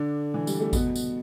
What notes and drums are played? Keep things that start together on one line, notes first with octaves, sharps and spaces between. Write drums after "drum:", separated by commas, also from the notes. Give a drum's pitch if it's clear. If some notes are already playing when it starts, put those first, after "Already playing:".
Already playing: D3 D4
E3
G3, drum: tambourine
A3
B2 B3, drum: kick G#1, tambourine
drum: tambourine